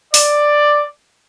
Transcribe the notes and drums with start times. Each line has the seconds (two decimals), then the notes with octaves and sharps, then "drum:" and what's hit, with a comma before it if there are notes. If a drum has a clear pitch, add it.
0.14 D5, drum: open hi-hat